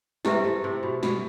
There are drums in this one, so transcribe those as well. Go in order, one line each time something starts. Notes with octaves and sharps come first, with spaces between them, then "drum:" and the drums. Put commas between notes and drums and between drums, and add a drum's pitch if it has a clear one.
C3 E4 G4 B4 E5, drum: snare
A3
C3
B2
B2, drum: snare